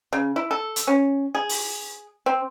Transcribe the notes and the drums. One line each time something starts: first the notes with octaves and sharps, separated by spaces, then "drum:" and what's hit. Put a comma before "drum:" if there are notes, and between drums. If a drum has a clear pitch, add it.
C#3
E4
A4
drum: hi-hat
C#4
G#4
drum: open hi-hat
C4